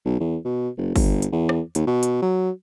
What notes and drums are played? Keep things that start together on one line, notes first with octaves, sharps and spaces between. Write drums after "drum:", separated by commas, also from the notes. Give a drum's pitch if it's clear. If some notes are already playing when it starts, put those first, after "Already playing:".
B1
E2
B2
F#1
G1, drum: kick G1, open hi-hat
drum: hi-hat
E2
drum: rim click
D#2, drum: hi-hat
B2
drum: hi-hat
F#3